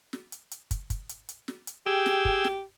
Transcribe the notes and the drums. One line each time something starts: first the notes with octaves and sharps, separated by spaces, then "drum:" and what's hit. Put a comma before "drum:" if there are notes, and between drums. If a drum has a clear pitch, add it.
drum: snare
drum: hi-hat
drum: hi-hat
drum: kick, hi-hat
drum: kick, hi-hat
drum: hi-hat
drum: hi-hat
drum: snare
drum: hi-hat
G4 G#4 G5 E6
drum: snare
drum: kick
drum: snare